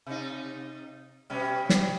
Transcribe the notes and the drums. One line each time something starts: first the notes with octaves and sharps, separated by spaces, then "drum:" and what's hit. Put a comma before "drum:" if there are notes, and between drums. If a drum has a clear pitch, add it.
C3 D#4
B2 G3 C#4
drum: snare